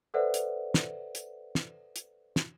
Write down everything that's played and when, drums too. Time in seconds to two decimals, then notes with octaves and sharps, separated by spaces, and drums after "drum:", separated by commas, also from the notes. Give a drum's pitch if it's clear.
0.14 A4 B4 C5 D5 E5 F#5
0.34 drum: hi-hat
0.74 drum: snare
1.15 drum: hi-hat
1.55 drum: snare
1.96 drum: hi-hat
2.36 drum: snare